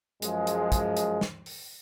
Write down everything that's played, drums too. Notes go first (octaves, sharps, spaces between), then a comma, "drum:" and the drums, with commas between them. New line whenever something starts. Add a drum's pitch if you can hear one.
F#2 F3 G#3, drum: hi-hat
drum: hi-hat
drum: kick, hi-hat
drum: hi-hat
drum: snare
drum: open hi-hat